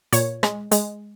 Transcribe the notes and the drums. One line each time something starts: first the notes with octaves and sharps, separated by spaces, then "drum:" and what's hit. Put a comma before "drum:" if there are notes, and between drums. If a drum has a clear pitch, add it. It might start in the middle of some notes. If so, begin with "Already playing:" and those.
A#2 C#5, drum: hi-hat
G#3, drum: rim click
G#3, drum: hi-hat